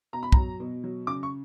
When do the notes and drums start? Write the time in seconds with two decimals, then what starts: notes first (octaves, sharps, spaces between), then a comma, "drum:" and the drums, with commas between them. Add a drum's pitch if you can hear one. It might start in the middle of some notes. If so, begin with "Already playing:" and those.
0.13 B2 A#5
0.23 B5
0.32 F#3 A#5, drum: kick
0.60 B2
0.84 F#3
1.07 C#3 D6
1.23 C#6